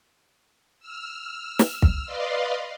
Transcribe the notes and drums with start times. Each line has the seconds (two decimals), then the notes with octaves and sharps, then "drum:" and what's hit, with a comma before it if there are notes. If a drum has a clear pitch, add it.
0.80 E6 F6
1.59 drum: snare
1.82 drum: kick
2.06 B4 D5 D#5 F5 C6